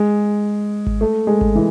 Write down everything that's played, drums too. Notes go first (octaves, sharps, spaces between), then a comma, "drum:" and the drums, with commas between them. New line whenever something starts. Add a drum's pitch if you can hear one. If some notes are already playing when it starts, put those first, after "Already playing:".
Already playing: G#3
drum: kick G#1
A3
G#3
drum: kick G#1
E3